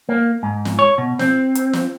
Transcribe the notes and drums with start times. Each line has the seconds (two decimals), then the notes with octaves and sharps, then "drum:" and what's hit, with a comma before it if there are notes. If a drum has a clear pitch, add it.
0.09 A#3
0.43 G#2
0.65 drum: snare
0.79 C#5
0.98 B2
1.19 C4, drum: snare
1.55 drum: hi-hat
1.73 drum: snare